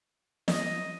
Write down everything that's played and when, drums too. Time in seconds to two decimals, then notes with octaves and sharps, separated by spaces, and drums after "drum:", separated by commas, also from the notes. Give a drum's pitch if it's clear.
0.48 D#5, drum: snare